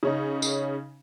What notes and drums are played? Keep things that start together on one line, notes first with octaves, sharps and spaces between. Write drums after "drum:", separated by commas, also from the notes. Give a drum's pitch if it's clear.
C#3 C#4 D#4
drum: tambourine